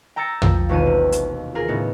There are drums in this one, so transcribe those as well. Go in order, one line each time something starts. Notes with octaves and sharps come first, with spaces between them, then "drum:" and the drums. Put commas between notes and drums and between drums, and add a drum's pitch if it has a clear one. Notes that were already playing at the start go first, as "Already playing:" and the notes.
G5 A#5 E6 A6 C#7
F3, drum: tom
E1 D#2 B2 D#3 F4 D#7
C3
drum: hi-hat
F4 G#4 A#4
A2 C#3 B3 D#4